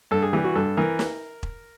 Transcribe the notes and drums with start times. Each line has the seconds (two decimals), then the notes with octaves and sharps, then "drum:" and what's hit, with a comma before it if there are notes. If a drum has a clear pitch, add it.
0.11 G2 A4
0.22 G#4
0.33 E3 G3 G4
0.44 F#4
0.55 G2 A4
0.77 E3 A#4
0.99 drum: snare
1.43 drum: kick E1